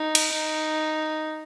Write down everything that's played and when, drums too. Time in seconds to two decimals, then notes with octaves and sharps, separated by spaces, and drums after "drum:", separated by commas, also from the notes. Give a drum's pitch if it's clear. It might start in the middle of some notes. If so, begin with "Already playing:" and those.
Already playing: D#4
0.15 drum: cymbal
0.32 D#4